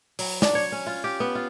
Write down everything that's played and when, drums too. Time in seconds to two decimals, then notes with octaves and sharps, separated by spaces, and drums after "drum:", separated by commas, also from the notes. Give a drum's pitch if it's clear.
0.19 F#3, drum: open hi-hat
0.42 D4, drum: snare
0.55 C#5
0.72 C#4
0.87 F4
1.04 G4
1.20 B3
1.35 F4